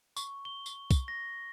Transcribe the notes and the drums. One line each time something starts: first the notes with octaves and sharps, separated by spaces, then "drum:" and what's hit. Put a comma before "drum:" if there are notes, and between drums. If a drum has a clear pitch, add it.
C#6, drum: tambourine
G7
drum: tambourine
drum: kick, tambourine
A#6